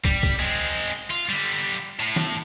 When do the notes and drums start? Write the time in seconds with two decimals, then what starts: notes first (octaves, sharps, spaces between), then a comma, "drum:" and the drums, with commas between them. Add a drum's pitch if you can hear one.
0.05 G3, drum: kick
0.23 drum: kick
0.39 G#3 C4
1.10 F4
1.29 D3 G3
1.99 A2
2.16 drum: snare